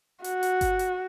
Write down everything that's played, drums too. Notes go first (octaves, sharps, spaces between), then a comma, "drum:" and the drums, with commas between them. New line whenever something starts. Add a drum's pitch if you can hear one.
F#4, drum: hi-hat
drum: hi-hat
drum: kick G1, hi-hat
drum: hi-hat